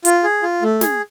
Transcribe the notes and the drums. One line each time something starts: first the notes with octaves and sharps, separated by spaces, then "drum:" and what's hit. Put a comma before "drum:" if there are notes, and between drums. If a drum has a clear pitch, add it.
F4, drum: hi-hat
G#4
F4
A3
G#4, drum: snare